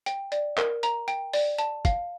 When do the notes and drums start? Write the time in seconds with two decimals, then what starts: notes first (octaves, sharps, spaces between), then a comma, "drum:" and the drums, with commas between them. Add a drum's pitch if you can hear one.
0.06 G5, drum: hi-hat
0.32 D5, drum: hi-hat
0.58 A#4, drum: clap
0.83 A#5, drum: hi-hat
1.08 G5, drum: hi-hat
1.33 D5, drum: open hi-hat
1.58 A5, drum: hi-hat
1.85 F5, drum: kick, hi-hat